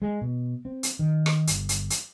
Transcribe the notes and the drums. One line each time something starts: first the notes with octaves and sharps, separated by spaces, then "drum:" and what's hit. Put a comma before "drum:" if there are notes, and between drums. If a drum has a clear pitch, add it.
G#3
B2
C4
drum: hi-hat
D#3
drum: rim click
G1, drum: hi-hat
drum: hi-hat
drum: hi-hat